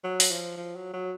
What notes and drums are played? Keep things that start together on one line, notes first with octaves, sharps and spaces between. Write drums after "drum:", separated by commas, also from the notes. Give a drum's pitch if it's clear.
F#3
drum: open hi-hat
F3
F3
F#3
F#3